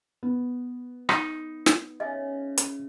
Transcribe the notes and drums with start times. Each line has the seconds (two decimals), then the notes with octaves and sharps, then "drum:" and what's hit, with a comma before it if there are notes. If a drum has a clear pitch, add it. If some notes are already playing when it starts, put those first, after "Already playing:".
0.23 B3
1.09 D#4, drum: rim click
1.66 drum: snare
2.00 C#3 D#5 E5 G#5
2.58 drum: hi-hat